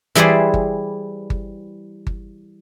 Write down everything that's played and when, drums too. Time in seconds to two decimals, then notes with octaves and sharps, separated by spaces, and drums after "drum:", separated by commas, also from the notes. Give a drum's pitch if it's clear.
0.15 E3 G3 G#4 B4 C5 D5
0.54 drum: kick G1
1.30 drum: kick G1
2.07 drum: kick G1